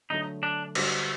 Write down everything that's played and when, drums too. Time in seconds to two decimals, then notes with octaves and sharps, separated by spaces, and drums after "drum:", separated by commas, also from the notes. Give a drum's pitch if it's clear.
0.10 D3 F#3 A3 D#4
0.43 D4
0.75 D3 G3 D4 F#4, drum: cymbal